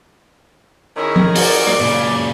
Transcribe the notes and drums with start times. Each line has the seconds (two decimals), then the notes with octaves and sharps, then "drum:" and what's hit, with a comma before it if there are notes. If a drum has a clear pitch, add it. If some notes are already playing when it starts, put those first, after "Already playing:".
0.96 D#3 C#4 E4 G#4 A#5
1.16 drum: tom F3
1.35 F#4 D5, drum: open hi-hat
1.67 drum: rim click
1.80 A#2 C#3